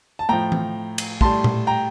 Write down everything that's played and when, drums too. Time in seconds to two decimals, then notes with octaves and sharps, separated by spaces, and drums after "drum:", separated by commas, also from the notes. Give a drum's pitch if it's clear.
0.19 A5
0.29 A2 F3 G5 A#5
0.52 drum: tom E3
0.98 drum: cymbal
1.21 A2 G3 A5 C6, drum: kick
1.44 drum: tom A#2
1.67 G5 A#5